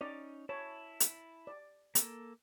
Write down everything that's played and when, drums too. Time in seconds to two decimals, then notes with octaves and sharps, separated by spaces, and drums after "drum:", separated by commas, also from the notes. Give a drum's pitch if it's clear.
0.01 C#4 D#4 D5
0.49 E4 C#5 A5
1.00 drum: hi-hat
1.47 D5
1.95 A#3 A4, drum: hi-hat